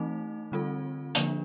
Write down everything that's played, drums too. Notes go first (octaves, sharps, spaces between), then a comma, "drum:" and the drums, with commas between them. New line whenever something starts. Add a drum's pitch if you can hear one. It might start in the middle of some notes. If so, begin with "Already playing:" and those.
Already playing: E3 A3 C4 D#4
D3 G3 C4 F4 A4
D3 F3 A#3 D4, drum: hi-hat